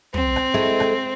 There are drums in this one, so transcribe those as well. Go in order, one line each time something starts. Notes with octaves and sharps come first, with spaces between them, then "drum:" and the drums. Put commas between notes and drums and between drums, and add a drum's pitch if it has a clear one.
C4, drum: tom
drum: rim click
G#3 A3 E4
drum: rim click